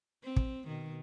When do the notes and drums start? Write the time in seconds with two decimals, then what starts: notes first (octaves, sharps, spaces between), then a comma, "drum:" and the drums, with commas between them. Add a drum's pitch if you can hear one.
0.23 C4
0.36 drum: kick
0.67 B2 D#3